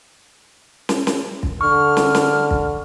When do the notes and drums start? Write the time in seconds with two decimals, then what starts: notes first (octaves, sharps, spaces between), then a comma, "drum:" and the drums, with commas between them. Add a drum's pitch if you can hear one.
0.89 drum: snare
1.07 drum: snare
1.43 drum: kick
1.61 D3 C#6 F6
1.97 drum: snare
2.15 drum: snare
2.50 drum: kick